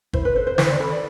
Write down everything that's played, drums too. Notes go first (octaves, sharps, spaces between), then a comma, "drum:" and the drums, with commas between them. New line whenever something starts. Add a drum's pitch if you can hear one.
E4 C5, drum: kick G1
B4
A4 C5
C5
E4 C5, drum: snare
D5
A4 B5
D5